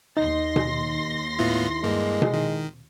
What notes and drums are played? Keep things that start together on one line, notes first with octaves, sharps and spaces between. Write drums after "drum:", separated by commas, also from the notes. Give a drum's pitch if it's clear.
D#2 D#4 D#5 C6 A#6
drum: tom B2
A2 B3 E4 F4
G2 G#3 A#3
drum: tom B2
D#3